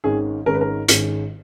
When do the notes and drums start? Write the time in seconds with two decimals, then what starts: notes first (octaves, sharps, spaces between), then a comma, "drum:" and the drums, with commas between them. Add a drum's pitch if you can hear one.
0.04 G#1 G#2 D#3 G#3 C#4 G#4
0.46 G#1 G#2 D#3 G#3 C#4 A#4
0.54 B4
0.61 A#4
0.88 G#1 G#2 D#3 G#3 C#4, drum: hi-hat